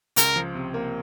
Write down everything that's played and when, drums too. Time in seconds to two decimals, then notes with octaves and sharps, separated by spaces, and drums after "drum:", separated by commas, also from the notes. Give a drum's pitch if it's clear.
0.16 C#2 A#4, drum: hi-hat
0.36 F3
0.55 C3
0.74 A#3